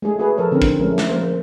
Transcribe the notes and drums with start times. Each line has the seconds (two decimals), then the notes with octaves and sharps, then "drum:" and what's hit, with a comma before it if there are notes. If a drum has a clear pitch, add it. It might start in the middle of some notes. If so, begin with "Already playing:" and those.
0.02 G#3 A3 G#4
0.18 F#4 G#4 B4
0.37 F3 A4 A#4 C#5
0.52 D3 C4 C#4 A#4
0.62 drum: kick
0.80 F3 G#3 A3 C#4 A#4
0.98 drum: snare
1.08 F3 G#3 A#3 C#4 A#4 C5